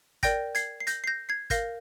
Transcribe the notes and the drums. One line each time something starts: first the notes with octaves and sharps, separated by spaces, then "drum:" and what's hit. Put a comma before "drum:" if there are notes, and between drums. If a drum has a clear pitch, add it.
A#4 D5 G5 G6 A#6, drum: kick, hi-hat
G#6 C7, drum: hi-hat
C7
G6 A#6, drum: hi-hat
C7
G6 A#6
G#6 C7
A#4 F5 G6 A#6, drum: kick, hi-hat